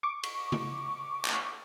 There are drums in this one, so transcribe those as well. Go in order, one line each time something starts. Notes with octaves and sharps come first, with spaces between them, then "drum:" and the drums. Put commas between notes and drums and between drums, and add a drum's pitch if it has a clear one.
C#6 D6
drum: cymbal
drum: tom C#3
drum: clap